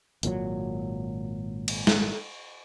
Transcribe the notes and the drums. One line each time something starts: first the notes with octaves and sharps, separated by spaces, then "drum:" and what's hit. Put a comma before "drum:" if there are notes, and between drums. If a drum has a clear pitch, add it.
G#1 A#2 D#3 F#3, drum: hi-hat
drum: cymbal
drum: snare